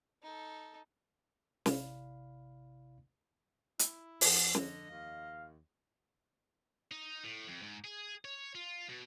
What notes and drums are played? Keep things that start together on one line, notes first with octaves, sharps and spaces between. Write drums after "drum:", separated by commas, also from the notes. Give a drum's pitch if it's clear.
D#4 A4
A1 C3 E4 D5 F5 B5, drum: snare
E4, drum: hi-hat
F2 F#5, drum: open hi-hat
D3 D#5, drum: snare
D#2 F5
D#4
A2
F2
G#2
G#4
C#5
F4
B2